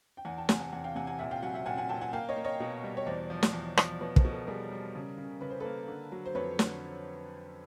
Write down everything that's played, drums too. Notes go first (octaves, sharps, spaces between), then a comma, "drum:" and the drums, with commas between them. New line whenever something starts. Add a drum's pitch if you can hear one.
G5
E2 F#5 G#5
G5 A5
C3 F#5 G#5, drum: snare
F#5 G#5
E2 F#5 G#5
F5 G5
C3 F#5 G#5
F#5 G#5
A#2 E5 F#5
F5 G5
F#3 F#5 G#5
E5 F#5
A#2 F#5 G#5
F#5 G#5
A#2 G5 A5
F#5 G#5
A#3 F5 G5
C#5 D#5
A#3
C#5 D#5
B2
G3
C#5
E2 C5 D5
F3
drum: snare
E2
F3, drum: rim click
B2 B4 C#5
A#4 C5, drum: kick
B2
A4 B4
G3 G#4 A#4
G3
C#3
C#3
C#3 B4
C5
A#3 A4 B4
D3
F#3
C5
F2 B4 C#5
D3, drum: snare